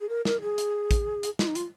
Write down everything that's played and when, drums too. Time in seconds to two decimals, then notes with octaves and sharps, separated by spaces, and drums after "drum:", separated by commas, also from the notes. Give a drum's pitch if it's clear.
0.01 G#4
0.09 A#4
0.25 A#4, drum: snare
0.42 G#4
0.58 drum: hi-hat
0.91 drum: kick, hi-hat
1.23 drum: hi-hat
1.39 F4, drum: snare
1.47 D#4
1.55 F4, drum: hi-hat